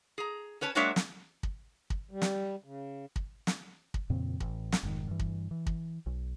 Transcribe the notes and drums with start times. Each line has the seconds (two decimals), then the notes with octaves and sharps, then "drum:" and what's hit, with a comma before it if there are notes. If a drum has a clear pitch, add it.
0.18 G#4 A#5
0.61 C#4 B4 C#5 A5
0.75 F#3 G#3 A#3 D4 C#5 E5
0.96 drum: snare
1.43 drum: kick
1.90 drum: kick
2.11 G3
2.22 drum: snare
2.64 C#3
3.16 drum: kick
3.47 drum: snare
3.94 drum: kick
4.10 F2 A#2 C#3 C4
4.40 A1, drum: kick
4.72 drum: snare
4.83 F1 G#2 C3 D#3
5.08 G2 E3
5.19 drum: kick
5.51 E3
5.67 drum: kick
6.06 B1